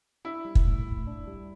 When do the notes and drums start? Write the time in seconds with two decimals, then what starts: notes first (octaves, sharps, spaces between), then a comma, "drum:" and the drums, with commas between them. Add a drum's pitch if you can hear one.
0.25 D4 E4
0.45 G3
0.55 drum: kick
0.66 A2
0.87 A2
1.07 D4
1.27 G3